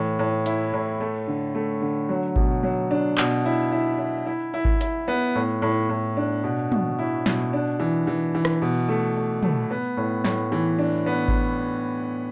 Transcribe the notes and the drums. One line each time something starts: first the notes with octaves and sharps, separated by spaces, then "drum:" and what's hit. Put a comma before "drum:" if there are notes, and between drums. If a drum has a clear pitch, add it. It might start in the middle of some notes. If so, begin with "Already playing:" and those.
Already playing: A2 E3
A2
E4, drum: hi-hat
A2
A3
D3
A3
D3
F#3
B2, drum: kick G#1
F#3
D4
B2, drum: clap
E4
E4
E4
E4
E4
drum: kick G#1
E4, drum: hi-hat
B3
A2
A2
A2
D4
B2
B2, drum: tom
E4
B2, drum: snare
D4
E3
E3
E3
drum: rim click
B2
A3
A3
A3, drum: tom
B3
A2
A2, drum: snare
E3
D4
B3
drum: kick G#1